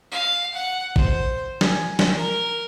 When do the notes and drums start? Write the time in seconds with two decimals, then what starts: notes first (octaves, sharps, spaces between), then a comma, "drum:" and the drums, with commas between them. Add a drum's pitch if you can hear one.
0.12 F5
0.54 F#5
0.96 C5, drum: kick
1.61 G#5, drum: snare
1.99 drum: snare
2.15 A#4